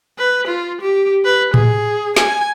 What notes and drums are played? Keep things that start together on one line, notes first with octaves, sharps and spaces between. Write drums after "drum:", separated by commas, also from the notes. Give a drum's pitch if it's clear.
B4
F4
G4
B4
G#4, drum: tom A2
G#5, drum: snare